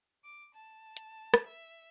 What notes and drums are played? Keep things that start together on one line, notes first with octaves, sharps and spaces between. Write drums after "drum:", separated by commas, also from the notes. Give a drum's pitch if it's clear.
D6
A5
drum: hi-hat
drum: rim click
E5